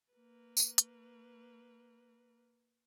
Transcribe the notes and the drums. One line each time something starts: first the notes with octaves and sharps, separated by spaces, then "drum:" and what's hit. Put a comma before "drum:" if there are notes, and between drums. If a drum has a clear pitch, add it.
A#3 B4
drum: tambourine
drum: hi-hat